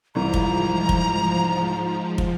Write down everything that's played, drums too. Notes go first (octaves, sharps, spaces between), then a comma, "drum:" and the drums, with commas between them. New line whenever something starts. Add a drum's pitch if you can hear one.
C2 G#2 E3 F3 A#5
drum: kick
drum: kick
drum: kick